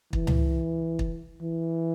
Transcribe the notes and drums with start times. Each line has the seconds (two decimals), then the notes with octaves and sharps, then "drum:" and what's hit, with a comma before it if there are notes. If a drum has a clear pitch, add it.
0.13 E3, drum: kick
0.27 drum: tom C#2
0.99 drum: kick
1.42 E3